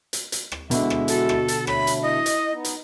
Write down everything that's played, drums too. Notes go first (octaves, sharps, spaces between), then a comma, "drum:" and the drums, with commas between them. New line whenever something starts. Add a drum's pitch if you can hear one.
drum: hi-hat
drum: hi-hat
drum: rim click
B2 D3 G#3 E4 E5, drum: hi-hat
drum: rim click
F#4 A4, drum: hi-hat
drum: rim click
drum: hi-hat
A3 C#5 B5, drum: rim click
drum: hi-hat
E4 D#5
drum: hi-hat
B3 D#4
drum: hi-hat